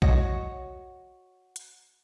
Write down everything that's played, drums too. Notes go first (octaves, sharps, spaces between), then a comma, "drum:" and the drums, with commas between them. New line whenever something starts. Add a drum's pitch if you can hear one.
F#4 C#5 D#5 F#5, drum: kick
drum: hi-hat